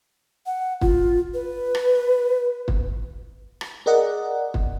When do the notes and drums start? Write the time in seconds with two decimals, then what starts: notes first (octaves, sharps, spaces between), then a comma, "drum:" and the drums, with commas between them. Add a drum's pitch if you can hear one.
0.46 F#5
0.81 F4, drum: kick
1.34 B4
1.75 drum: rim click
2.68 drum: kick
3.61 drum: rim click
3.86 G#4 A#4 D5 D#5 F#5
4.54 drum: kick